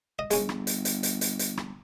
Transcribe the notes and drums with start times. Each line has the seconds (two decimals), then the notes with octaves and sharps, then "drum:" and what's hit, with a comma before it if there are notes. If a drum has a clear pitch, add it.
0.19 D#5
0.31 G1 G#3 C#4, drum: hi-hat
0.49 drum: rim click
0.67 drum: hi-hat
0.85 drum: hi-hat
1.03 drum: hi-hat
1.21 drum: hi-hat
1.39 drum: hi-hat
1.57 drum: rim click